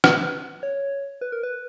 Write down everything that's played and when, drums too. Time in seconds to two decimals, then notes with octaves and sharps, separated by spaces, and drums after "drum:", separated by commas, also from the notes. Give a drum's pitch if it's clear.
0.04 B4, drum: rim click
0.63 C#5
1.21 B4
1.32 A#4
1.43 B4